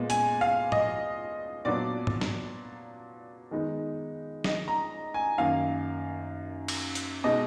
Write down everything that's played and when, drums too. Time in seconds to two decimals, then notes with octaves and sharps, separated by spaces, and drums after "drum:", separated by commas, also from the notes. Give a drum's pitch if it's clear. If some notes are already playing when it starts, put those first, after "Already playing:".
Already playing: A#2 G#3 B3
0.10 G#5, drum: hi-hat
0.41 F5
0.72 D#5, drum: tom
1.65 A#2 F#3 B3 D4 D5
2.07 drum: tom
2.21 drum: snare
3.51 D#3 G#3 B3 D#4
4.44 D#5, drum: snare
4.68 A#5
5.14 G#5
5.38 F#2 D#3 A#3 F5
6.68 drum: cymbal
6.95 drum: hi-hat
7.24 B2 G#3 D#4 D#5